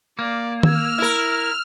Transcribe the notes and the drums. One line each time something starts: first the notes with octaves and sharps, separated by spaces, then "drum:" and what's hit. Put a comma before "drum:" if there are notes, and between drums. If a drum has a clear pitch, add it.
A#3 D5
E6 F6, drum: tom D#3
E4 A#4